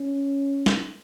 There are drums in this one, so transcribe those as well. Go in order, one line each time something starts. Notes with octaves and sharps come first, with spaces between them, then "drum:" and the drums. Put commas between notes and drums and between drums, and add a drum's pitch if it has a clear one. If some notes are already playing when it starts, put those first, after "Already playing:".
Already playing: C#4
drum: snare